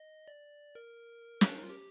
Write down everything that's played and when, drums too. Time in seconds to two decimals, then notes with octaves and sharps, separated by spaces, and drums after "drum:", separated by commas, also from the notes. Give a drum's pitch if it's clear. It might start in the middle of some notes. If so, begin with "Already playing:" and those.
Already playing: D#5
0.28 D5
0.75 A#4
1.41 C4, drum: snare
1.48 D4
1.56 D#4
1.63 F4
1.69 G4